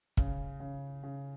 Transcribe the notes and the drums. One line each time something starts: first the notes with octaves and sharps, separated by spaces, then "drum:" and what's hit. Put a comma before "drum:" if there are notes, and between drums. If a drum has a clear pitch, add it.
C#3, drum: kick
C#3
C#3